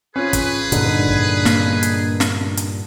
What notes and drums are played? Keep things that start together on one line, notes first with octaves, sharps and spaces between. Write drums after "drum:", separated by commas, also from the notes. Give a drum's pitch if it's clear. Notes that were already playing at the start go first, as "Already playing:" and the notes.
C#4 F4 G#4 B4
drum: kick, hi-hat
G2 A#2 D3 D#4, drum: hi-hat
drum: kick
A#3, drum: snare
drum: hi-hat
drum: snare
drum: hi-hat